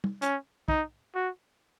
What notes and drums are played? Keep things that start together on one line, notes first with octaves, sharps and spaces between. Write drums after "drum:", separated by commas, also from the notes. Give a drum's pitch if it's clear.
drum: tom
C#4, drum: hi-hat
D#4, drum: kick
F#4